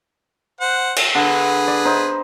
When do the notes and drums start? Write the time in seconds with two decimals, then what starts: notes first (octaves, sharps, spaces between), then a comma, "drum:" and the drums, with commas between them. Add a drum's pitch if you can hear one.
0.61 C5 F#5
0.96 drum: cymbal
1.15 D3 G#4 B4
1.67 D5
1.85 D#4 C5